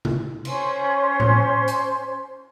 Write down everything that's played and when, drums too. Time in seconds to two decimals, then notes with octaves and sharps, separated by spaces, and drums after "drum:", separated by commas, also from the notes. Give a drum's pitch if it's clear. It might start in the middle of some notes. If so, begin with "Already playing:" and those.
0.05 drum: tom C3
0.45 C#4 C5 C6, drum: cymbal
1.20 drum: tom A2
1.68 drum: hi-hat